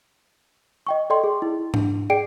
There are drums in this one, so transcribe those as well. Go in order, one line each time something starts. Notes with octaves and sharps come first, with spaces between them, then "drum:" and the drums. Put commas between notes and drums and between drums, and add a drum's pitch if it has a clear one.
D#5 G5 C#6
A4 D5 D#5 G5 C6
G#4
E4
D4, drum: tom G#2
G#4 D5 G5 C7 D7